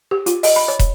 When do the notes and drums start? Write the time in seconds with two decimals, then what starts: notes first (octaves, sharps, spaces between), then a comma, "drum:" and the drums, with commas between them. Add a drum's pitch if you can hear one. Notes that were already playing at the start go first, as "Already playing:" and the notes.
0.11 G4
0.26 F4, drum: hi-hat
0.43 D#5, drum: open hi-hat
0.56 B5
0.68 C#5
0.79 drum: kick, hi-hat